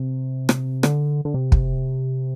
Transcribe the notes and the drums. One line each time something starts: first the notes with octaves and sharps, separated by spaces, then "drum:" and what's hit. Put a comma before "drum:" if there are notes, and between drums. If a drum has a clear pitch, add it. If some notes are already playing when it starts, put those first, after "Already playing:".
Already playing: C3
drum: rim click
D3, drum: rim click
D3
C3
drum: kick